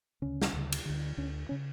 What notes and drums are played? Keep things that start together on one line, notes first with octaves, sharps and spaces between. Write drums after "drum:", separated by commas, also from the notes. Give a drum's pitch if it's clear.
D2 C#3 C#4
drum: snare
D2 C#3
drum: cymbal
D2 D3
D2 D3 C#4
C#3 C#4